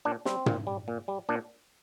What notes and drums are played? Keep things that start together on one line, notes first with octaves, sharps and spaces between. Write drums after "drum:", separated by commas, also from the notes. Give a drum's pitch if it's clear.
A#2 D4
G3 C4, drum: snare
A#2, drum: tom
G3
A#2
G3
A#2 D4